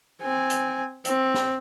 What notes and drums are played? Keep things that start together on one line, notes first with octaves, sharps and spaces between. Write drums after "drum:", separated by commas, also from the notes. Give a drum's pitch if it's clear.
C4 G#5
drum: hi-hat
C4, drum: hi-hat
drum: snare